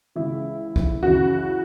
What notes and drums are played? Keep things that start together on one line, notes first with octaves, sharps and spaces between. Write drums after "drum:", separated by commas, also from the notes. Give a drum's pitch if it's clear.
C#2 C#3 E3 E4
drum: kick C#2
F#2 C#3 E3 F#4